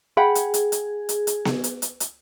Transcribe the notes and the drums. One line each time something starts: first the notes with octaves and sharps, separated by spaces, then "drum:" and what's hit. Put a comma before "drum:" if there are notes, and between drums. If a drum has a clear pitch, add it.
G#4 F#5 G5 B5
drum: hi-hat
drum: hi-hat
drum: hi-hat
drum: hi-hat
drum: hi-hat
drum: snare B3
drum: hi-hat
drum: hi-hat
drum: hi-hat